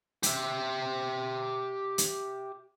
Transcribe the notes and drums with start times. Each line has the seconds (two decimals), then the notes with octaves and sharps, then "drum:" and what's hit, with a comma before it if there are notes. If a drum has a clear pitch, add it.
0.23 G4 E5, drum: hi-hat
1.98 drum: hi-hat